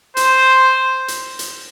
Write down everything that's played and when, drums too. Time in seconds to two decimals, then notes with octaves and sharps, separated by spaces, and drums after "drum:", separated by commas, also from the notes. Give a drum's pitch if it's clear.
0.17 C5, drum: hi-hat
1.08 drum: hi-hat
1.39 drum: hi-hat